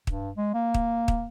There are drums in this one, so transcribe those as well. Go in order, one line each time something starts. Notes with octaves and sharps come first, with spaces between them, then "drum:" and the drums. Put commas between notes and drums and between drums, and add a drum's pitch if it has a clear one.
G2, drum: kick
G#3
A#3
drum: kick
drum: kick